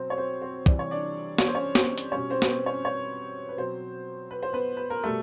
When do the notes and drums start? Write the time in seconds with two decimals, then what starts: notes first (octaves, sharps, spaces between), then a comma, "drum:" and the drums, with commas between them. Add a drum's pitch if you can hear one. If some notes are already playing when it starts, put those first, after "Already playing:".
Already playing: B2 F#3 C4 C5
0.10 C#5
0.17 C4 C5
0.42 C4 C5
0.66 C3 E3 G3 D5, drum: kick
0.79 C#5
0.91 D4 D5
1.38 C#5, drum: snare
1.47 C5
1.55 C#4 C#5
1.75 C4 C5, drum: snare
1.98 drum: hi-hat
2.12 B2 G3 C#4 C#5
2.30 C4 C5
2.42 B4, drum: snare
2.48 C4 C5
2.66 C#4 C#5
2.85 C#4 C#5
3.49 B4
3.57 B2 F#3 C4 C5
4.31 B4
4.43 C5
4.53 B3 B4
4.77 B4
4.90 A#4
5.03 B2 G3 A3 A4